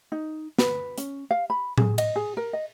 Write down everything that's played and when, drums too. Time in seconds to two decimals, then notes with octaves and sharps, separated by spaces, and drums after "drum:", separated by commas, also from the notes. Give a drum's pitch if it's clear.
0.12 D#4
0.59 B4, drum: snare
0.98 C#4, drum: hi-hat
1.31 F5
1.50 B5
1.78 G#4, drum: tom A2
1.98 D#5, drum: cymbal
2.16 G#4
2.37 A#4
2.53 D#5